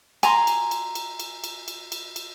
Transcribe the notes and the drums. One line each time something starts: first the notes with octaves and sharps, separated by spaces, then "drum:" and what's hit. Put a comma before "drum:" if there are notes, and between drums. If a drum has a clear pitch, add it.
G#5 A#5 C6, drum: cymbal
drum: cymbal
drum: cymbal
drum: cymbal
drum: cymbal
drum: cymbal
drum: cymbal
drum: cymbal
drum: cymbal